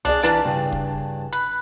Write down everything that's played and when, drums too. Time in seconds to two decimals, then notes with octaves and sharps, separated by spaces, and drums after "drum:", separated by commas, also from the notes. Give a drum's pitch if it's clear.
0.05 D4 G#4 D5 F5, drum: tom C2
0.23 E3 A#3 D4 E4 B4 A5
0.44 G2 C#3
0.72 drum: kick
1.33 B4